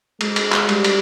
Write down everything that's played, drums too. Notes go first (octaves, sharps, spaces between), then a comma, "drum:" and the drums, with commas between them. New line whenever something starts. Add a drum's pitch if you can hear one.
G#3, drum: cymbal
drum: cymbal
drum: clap
G3, drum: cymbal
drum: cymbal